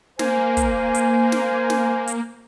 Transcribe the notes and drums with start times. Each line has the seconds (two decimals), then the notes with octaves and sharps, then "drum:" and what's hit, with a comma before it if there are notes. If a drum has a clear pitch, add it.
0.19 A#3 C5 G#5, drum: snare
0.57 drum: kick, hi-hat
0.94 drum: hi-hat
1.32 drum: snare
1.70 drum: snare
2.07 drum: hi-hat